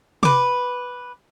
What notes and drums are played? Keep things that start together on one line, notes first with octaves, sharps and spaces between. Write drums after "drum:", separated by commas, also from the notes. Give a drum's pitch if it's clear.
B4 D6, drum: tom C3